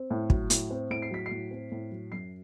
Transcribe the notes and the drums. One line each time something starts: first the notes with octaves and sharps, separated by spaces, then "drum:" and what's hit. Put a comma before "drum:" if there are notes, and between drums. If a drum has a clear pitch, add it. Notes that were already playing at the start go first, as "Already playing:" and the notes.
Already playing: C4
A2
F#3, drum: kick
A2, drum: hi-hat
C4
A2 D7
C7
F#3 B6
C7
A2
C4
A2
F#3
F#2 C7